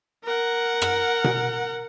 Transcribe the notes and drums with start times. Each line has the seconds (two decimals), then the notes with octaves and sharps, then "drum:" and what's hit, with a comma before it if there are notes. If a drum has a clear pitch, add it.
0.25 A#4 F#5
0.82 drum: rim click
1.24 drum: tom B2